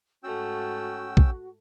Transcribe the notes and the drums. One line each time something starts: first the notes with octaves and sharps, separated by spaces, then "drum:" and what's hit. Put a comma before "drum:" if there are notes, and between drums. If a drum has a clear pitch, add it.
G#2 A3 C#4 F#4 G5 E6
drum: kick